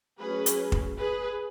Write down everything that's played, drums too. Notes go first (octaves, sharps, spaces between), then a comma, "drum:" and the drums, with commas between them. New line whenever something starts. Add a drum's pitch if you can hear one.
F#3 A3 C#4 G#4 B4
drum: hi-hat
drum: kick
G#4 B4